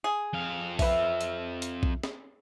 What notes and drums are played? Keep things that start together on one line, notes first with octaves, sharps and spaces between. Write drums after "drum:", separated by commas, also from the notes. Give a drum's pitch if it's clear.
G#4
F2 F5
B4 E5, drum: kick B1, open hi-hat
drum: hi-hat
drum: hi-hat
drum: kick B1
drum: snare